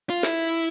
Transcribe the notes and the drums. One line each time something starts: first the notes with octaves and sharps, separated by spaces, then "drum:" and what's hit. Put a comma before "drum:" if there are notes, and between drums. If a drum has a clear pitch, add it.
F4
E4, drum: snare